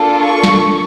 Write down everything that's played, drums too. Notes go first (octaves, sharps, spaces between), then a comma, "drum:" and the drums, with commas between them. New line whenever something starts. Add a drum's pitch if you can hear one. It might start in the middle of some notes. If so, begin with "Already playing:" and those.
Already playing: A#3 D4 F4 A4
C#6
drum: snare